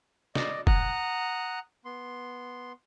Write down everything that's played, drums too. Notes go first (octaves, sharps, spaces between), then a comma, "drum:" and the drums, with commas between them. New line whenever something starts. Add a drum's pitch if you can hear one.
D5 D#5, drum: snare
F#5 A#5 D#6 F#6, drum: kick
B3 C6